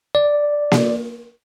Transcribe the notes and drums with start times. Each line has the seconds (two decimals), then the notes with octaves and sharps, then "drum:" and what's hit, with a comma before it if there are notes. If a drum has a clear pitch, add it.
0.15 D5
0.72 drum: snare A#3